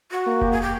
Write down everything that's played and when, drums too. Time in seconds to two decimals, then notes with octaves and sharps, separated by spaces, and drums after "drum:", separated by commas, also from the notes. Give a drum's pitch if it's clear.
0.11 F#4
0.27 A#3
0.41 G4, drum: kick F1
0.51 G#4
0.61 G4